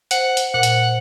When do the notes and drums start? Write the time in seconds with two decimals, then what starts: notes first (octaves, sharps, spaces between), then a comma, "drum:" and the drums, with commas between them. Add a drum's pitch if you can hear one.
0.11 C5 F#5, drum: hi-hat
0.37 drum: hi-hat
0.54 A#2 F#5
0.63 drum: hi-hat